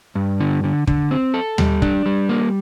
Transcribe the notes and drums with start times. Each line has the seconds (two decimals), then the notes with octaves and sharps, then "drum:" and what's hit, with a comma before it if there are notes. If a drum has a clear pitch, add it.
0.15 G2
0.40 D3
0.64 D3
0.87 D3, drum: kick
1.11 C4
1.34 A4
1.58 G3, drum: tom D#2
1.82 D4, drum: kick
2.06 G3
2.29 A#3